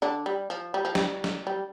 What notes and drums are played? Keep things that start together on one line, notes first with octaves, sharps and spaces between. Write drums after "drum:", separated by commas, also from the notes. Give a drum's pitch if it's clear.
D3 D4
G3
F3
G3
F3
G3, drum: snare
drum: snare
G3